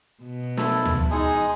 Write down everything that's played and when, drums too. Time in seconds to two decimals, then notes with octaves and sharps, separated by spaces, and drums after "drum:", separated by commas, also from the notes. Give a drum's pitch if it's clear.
0.23 B2
0.57 E4 A4, drum: snare
0.85 drum: tom D2
1.11 G#3 D#4 G#4